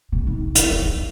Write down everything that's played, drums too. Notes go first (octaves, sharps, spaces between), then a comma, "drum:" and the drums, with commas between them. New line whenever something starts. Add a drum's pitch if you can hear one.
C3
D#3
D3
D3, drum: hi-hat
D#3
D3